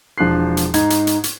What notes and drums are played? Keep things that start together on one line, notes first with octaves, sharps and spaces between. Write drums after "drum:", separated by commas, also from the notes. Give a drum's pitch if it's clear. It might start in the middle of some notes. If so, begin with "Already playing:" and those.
E1 F3 D4 F#6 C7
drum: hi-hat
G#2 D#4 G#6, drum: hi-hat
drum: hi-hat
drum: hi-hat
drum: hi-hat